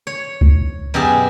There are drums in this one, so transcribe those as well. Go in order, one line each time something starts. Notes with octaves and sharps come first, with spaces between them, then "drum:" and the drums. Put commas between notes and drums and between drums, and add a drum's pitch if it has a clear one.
C#5
drum: kick C#2
F#2 B2 G4 G#4 E5